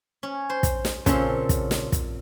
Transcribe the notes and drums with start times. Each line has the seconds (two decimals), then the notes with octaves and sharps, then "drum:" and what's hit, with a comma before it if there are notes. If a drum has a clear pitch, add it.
0.23 C#4
0.50 C5
0.63 drum: kick, hi-hat
0.85 drum: snare
1.06 A#2 C#3 C4 C#4 A4, drum: kick, hi-hat
1.49 drum: kick, hi-hat
1.71 drum: snare
1.92 drum: kick, hi-hat